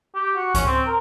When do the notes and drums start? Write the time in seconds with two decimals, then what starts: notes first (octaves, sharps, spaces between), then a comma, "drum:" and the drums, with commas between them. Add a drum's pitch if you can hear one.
0.15 G4
0.36 F#4
0.55 C#4, drum: kick C#2, hi-hat
0.67 C4
0.87 A#4